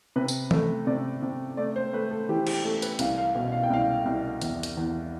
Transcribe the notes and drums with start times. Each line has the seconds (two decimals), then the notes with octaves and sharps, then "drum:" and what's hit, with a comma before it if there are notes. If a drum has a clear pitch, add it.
0.16 C3 B4
0.28 drum: tambourine
0.51 A3 A4, drum: tom E3
0.87 C3 D5
1.22 C3
1.57 A3 D5
1.76 C5
1.93 A3 B4
2.11 A4
2.29 E3 G4
2.47 G4, drum: cymbal
2.64 A3 A4
2.82 B4, drum: hi-hat
2.99 C2 F5, drum: hi-hat
3.18 F5
3.35 B2
3.52 F5
3.63 G5
3.70 C2 F5
4.05 C2
4.42 E2, drum: hi-hat
4.63 drum: hi-hat
4.77 E2